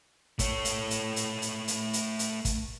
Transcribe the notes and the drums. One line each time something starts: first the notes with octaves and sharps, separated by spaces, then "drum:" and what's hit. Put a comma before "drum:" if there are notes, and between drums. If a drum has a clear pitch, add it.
A3 C#5, drum: kick, hi-hat
drum: hi-hat
drum: hi-hat
drum: hi-hat
drum: hi-hat
drum: hi-hat
drum: hi-hat
drum: hi-hat
drum: kick, hi-hat